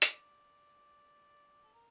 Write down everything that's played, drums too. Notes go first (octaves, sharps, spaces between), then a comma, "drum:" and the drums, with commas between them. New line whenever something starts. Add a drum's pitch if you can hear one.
C#5, drum: hi-hat
D5
A4
A#4